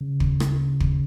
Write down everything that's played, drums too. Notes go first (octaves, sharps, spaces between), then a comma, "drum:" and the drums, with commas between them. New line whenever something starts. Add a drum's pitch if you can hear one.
C#3
drum: kick
drum: rim click
drum: kick